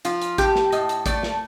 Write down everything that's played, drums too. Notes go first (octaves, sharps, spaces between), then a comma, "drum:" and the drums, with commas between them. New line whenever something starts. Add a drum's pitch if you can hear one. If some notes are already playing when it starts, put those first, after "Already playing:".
F3 F4, drum: hi-hat
drum: hi-hat
A2 G4, drum: kick, hi-hat
drum: snare
A2 D#5, drum: hi-hat
drum: hi-hat
A3 D5, drum: kick, hi-hat
drum: snare